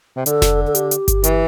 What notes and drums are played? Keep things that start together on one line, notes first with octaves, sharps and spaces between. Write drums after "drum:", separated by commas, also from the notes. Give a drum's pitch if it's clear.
C3
D3 A4, drum: hi-hat
drum: snare F1
A4
G4, drum: hi-hat
drum: hi-hat
drum: kick G1, hi-hat
E3, drum: hi-hat